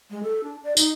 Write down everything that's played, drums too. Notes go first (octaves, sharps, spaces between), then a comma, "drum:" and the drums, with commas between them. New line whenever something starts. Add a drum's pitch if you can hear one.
G#3
A4
D4
D5
D#4, drum: tambourine